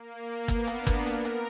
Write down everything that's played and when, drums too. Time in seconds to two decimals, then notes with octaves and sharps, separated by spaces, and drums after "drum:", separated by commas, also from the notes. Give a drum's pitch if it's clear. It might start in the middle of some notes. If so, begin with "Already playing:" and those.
Already playing: A#3
0.48 B3, drum: kick, hi-hat
0.67 drum: hi-hat
0.77 D4
0.87 drum: kick
1.06 A#4, drum: hi-hat
1.25 drum: hi-hat